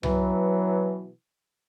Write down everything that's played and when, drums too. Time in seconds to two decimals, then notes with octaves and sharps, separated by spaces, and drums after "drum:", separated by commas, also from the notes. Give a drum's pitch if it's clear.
0.03 B2 E3 F#3, drum: tom C2